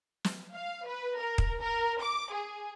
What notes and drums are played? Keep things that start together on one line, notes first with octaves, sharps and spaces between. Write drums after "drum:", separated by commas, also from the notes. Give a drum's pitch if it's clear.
drum: snare
F5
B4
A#4
drum: kick
A#4
D6
G#4